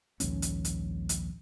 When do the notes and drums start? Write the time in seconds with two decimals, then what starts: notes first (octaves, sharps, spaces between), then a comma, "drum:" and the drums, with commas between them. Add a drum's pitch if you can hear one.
0.20 A#1 D#2 G#2 C#4, drum: hi-hat
0.42 drum: hi-hat
0.65 drum: hi-hat
1.09 drum: hi-hat